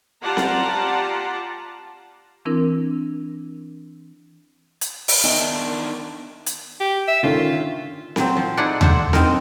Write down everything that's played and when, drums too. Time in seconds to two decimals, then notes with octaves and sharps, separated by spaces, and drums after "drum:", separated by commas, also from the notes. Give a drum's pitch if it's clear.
0.22 F4 G4 D5 F#5 A5 A#5
0.37 drum: snare C4
2.45 E3 C4 D4 E4 A#4
4.81 drum: hi-hat
5.08 drum: open hi-hat
5.24 D#3 B3 D4 D#5 E5
6.47 drum: hi-hat
6.80 G4
7.08 E5
7.23 D3 D#3 C#4 F4
8.16 A#2 F#3 C4, drum: snare C4
8.37 F3
8.57 D#4 E4 G#4 A4 D5 F#5
8.81 D4 E4 A4 C5 F#5, drum: tom D#2
9.13 C4 D#4 A#4, drum: snare C4